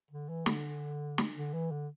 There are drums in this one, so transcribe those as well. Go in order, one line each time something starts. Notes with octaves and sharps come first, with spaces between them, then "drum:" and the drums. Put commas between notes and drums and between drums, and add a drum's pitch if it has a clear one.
D3
E3
D3, drum: snare
drum: snare
D3
E3
D3